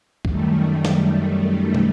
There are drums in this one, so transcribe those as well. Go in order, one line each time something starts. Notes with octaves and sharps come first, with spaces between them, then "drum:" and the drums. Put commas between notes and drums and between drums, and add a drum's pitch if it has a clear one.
F#2 D#3 G3 A3, drum: kick
drum: snare
drum: tom